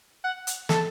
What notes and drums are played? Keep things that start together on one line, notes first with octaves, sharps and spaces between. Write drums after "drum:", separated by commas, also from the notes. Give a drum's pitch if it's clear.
F#5
drum: hi-hat
A4, drum: snare